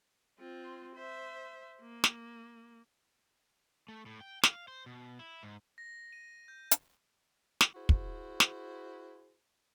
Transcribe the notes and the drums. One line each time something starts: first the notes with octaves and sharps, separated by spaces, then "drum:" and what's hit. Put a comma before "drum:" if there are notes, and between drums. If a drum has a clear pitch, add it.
C4 F4
C5 E5
A#3
drum: snare
A3
A2
G5
F5, drum: snare
C5
B2
E4
G#2
A#6
D#7
G6
drum: hi-hat
drum: snare
E4 F#4 G#4 C5
drum: kick
drum: snare